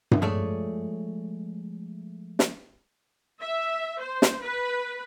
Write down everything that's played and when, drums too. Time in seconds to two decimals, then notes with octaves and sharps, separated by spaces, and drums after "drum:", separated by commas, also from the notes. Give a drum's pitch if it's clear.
0.11 drum: tom G2
0.22 F3 G#3 A3 G#4 C#5 D5
2.39 drum: snare
3.40 E5
3.99 C5
4.22 drum: snare
4.41 B4